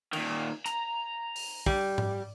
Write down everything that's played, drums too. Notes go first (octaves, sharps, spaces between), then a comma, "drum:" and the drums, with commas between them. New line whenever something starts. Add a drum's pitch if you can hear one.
A#2 D#3, drum: cymbal
A#5, drum: hi-hat
drum: open hi-hat
G3, drum: kick
drum: tom G#2